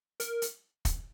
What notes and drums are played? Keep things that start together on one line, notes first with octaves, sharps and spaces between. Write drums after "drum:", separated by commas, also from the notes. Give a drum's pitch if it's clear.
A#4, drum: hi-hat
drum: hi-hat
drum: kick, hi-hat